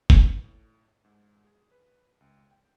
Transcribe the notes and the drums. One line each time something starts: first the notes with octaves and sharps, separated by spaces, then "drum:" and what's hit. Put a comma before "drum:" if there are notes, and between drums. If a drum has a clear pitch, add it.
drum: kick
B4
A2
G#2
G#4
B4
C#2
G5